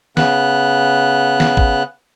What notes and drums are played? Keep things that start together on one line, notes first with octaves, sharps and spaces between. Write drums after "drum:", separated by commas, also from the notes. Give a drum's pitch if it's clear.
C#3 B3 F#6, drum: snare
drum: snare
drum: kick